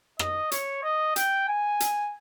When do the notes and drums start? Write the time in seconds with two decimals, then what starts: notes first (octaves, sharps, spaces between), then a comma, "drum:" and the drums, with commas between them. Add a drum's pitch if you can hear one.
0.19 D#5, drum: rim click
0.52 C#5, drum: hi-hat
0.83 D#5
1.16 G5, drum: hi-hat
1.48 G#5
1.80 drum: hi-hat